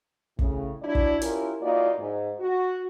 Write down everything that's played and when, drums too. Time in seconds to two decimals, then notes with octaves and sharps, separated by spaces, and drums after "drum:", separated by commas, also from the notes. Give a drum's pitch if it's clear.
0.39 A2 C#3, drum: kick
0.82 F#3 D4 E4 D5
0.95 drum: kick
1.22 C#4 E4 F4 G4 A#4, drum: hi-hat
1.62 E2 A#3 D#4 F4 F#4 D5
1.98 G#2
2.38 F#4